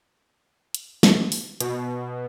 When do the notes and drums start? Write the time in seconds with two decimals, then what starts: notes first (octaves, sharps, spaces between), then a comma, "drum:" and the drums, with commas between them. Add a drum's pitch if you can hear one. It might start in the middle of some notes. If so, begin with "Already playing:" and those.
0.74 drum: hi-hat
1.03 drum: snare
1.32 drum: open hi-hat
1.60 B2, drum: hi-hat